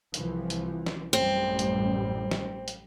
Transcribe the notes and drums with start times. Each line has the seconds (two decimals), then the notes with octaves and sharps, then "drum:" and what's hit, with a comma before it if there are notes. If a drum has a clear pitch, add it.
0.14 C2 E3 F3, drum: hi-hat
0.50 drum: hi-hat
0.86 drum: snare
1.13 A1 F#2 G3 C4
1.59 drum: hi-hat
2.31 drum: snare
2.68 drum: hi-hat